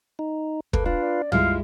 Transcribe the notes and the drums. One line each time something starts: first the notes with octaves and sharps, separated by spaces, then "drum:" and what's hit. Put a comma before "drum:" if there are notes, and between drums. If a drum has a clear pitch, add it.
D#4
A#3 A4 B4, drum: kick
D4 F4 B4 F5
D5
G3 G#3 E4 F4 F5, drum: tom